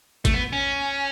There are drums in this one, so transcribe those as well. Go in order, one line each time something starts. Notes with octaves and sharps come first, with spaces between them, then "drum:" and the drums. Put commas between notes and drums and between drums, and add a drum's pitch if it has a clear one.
A3, drum: kick, hi-hat
B3
C#4